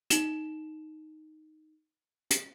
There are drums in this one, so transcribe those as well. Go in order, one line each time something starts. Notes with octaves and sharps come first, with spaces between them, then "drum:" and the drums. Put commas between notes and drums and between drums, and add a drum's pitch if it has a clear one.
D#4 E7, drum: hi-hat
drum: hi-hat